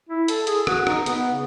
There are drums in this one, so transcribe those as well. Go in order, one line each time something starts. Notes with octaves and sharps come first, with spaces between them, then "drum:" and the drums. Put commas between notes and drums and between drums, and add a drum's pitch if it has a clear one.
E4
A4, drum: hi-hat
G#4, drum: hi-hat
F#4, drum: rim click
D#4, drum: rim click
B3, drum: hi-hat
C#3